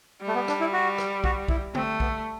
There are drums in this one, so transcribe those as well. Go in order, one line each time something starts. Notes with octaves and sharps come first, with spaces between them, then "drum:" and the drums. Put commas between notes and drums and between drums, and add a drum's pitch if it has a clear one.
G3
A3
B3
D4, drum: rim click
E4
F#4
drum: rim click
F#4, drum: kick B1
E4, drum: kick B1
A3 C4, drum: tom D3
B3, drum: kick B1